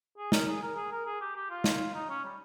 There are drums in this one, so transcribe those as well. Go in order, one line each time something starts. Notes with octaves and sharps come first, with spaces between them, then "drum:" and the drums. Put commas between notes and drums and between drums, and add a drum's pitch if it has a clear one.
G#4
A#4, drum: snare
G#4
A#4
G#4
A#4
G#4
G4
G4
F4
drum: snare
D#4
C#4
G3